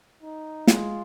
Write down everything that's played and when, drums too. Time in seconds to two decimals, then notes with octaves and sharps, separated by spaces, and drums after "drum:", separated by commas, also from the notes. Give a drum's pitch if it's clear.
0.23 D#4
0.67 G#3 F4, drum: snare